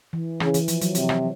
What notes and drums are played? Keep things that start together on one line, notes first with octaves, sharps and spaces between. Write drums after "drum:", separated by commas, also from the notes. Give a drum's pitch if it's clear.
E3
C#3 E3, drum: rim click
E3, drum: hi-hat
F3, drum: hi-hat
F#3, drum: hi-hat
C3, drum: hi-hat
drum: rim click